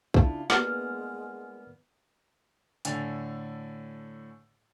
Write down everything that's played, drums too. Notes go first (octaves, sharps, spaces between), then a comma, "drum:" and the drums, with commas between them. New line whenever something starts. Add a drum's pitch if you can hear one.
C#3 D4 E4 F4, drum: kick
G#3 A#3 B3 D4 F6, drum: snare
A2 D3 G#5 A6 F7, drum: hi-hat